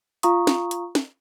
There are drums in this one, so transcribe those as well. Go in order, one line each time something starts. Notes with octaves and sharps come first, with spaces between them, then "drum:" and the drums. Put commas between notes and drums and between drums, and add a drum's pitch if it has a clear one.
F4 F5 A#5 C#6 D#6, drum: hi-hat
drum: snare
drum: hi-hat
drum: snare